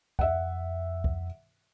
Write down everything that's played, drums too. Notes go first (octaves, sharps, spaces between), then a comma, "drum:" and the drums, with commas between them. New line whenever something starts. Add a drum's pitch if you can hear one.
F2 E5 F#5, drum: kick
drum: kick